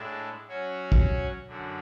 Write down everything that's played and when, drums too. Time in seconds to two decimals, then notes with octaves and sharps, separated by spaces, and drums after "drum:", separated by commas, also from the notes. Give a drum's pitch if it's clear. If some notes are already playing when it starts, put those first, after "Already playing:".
Already playing: A2 G#3 D4 A4
0.48 F#3 C#4 F#4 C#5
0.92 drum: kick
1.46 F#2 D3 F#3